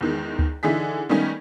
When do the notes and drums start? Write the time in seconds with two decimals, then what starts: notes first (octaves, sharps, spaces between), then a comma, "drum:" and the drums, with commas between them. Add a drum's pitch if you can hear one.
0.01 E2 D#3 G#3
0.39 drum: kick D2
0.63 D3 E3 D#4 G#4 B6
1.09 D#3 G3 A3 B3 C#4 D#4